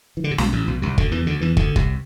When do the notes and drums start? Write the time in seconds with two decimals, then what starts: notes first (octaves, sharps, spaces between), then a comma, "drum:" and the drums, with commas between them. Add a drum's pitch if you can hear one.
0.17 E3
0.24 D3
0.31 C3
0.38 B1 B2, drum: snare
0.52 A1 A2
0.67 B1 B2
0.82 C2 C3
0.98 D2 D3, drum: kick
1.11 E2 E3
1.26 D2 D3
1.41 E2 E3
1.57 D2 D3, drum: kick
1.76 C2 C3, drum: kick